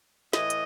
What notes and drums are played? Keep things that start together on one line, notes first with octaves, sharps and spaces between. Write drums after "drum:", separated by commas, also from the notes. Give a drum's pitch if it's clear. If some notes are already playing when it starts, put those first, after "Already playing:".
A2 E3 D#5, drum: snare
drum: hi-hat